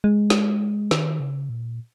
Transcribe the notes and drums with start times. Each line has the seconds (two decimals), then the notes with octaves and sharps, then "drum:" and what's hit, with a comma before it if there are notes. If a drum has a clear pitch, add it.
0.04 G#3
0.30 drum: snare
0.91 D#3, drum: snare
1.20 C#3
1.49 A#2